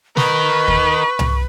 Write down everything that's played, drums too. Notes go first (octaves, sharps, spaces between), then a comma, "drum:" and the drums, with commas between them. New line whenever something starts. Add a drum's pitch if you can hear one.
A#4 B4 D#5 C#6, drum: snare
drum: kick D#2
drum: tom C2